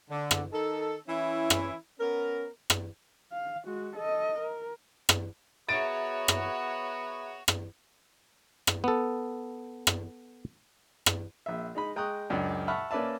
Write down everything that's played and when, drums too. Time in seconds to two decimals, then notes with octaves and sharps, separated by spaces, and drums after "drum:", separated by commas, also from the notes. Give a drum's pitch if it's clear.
0.10 D3
0.31 drum: rim click
0.53 D#3 D#4 A4
1.08 E3 C#4 E4
1.50 drum: rim click
2.00 B3 C#4 A#4
2.70 drum: rim click
3.32 F5
3.66 G#3 F#4
3.96 A4 D#5
4.39 A#4
5.09 drum: rim click
5.69 B3 F#4 G#4 C#5 E5 A#5 A6 D7
6.28 drum: rim click
7.48 drum: rim click
8.67 drum: rim click
8.84 B3 A4
9.87 drum: rim click
11.06 drum: rim click
11.46 A#1 E5
11.75 G#3 D#4 B5
11.96 G#3 G5 A#5 C#6 D#6 F#6
12.30 C#2 F#2 D4 G5
12.68 E5 F#5 A5 B5 C#6 F6
12.91 A#3 C#4 B4 D5 E5 A5